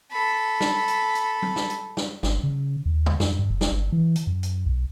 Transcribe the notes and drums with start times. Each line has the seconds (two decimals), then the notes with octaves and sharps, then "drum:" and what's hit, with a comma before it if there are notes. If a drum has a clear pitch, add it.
0.12 A4 B5
0.60 drum: snare
0.88 drum: hi-hat
1.15 drum: hi-hat
1.42 drum: tom F#3
1.56 drum: snare
1.70 drum: hi-hat
1.97 drum: snare
2.23 G1, drum: snare
2.43 C#3
2.86 D#2
3.06 drum: tom
3.20 F#2, drum: snare
3.39 G2
3.50 F1
3.61 drum: snare
3.71 G1
3.92 E3
4.16 drum: hi-hat
4.27 F#2
4.43 drum: hi-hat
4.66 B1